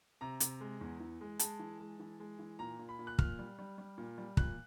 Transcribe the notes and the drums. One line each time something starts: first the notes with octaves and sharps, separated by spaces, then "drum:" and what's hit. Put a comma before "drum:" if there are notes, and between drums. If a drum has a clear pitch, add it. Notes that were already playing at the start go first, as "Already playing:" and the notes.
C3 A#5
C3, drum: hi-hat
G#3
E2
E3
G#3
G#3 A5, drum: hi-hat
E3
G#3
E3
G#3
E3
A#2 A#5
A#2
B5
A#2
F#6
A#2 F6, drum: kick
G3
G3
G3
A#2
G3
A#2 F#6, drum: kick